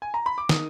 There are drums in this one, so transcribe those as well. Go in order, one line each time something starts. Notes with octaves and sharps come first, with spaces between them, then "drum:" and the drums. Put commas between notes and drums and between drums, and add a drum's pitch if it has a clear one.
G#5
A#5
B5
D6
D#3 D#6, drum: snare